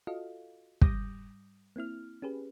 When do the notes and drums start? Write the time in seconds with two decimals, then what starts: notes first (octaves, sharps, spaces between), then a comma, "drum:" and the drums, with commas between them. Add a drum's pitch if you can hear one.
0.07 F4 F#4 A4 D#5 F5
0.81 G#2 G3 D6 D#6 G6 A#6, drum: kick
1.76 A#3 C4 E4 F6
2.22 C#4 G4 G#4 B4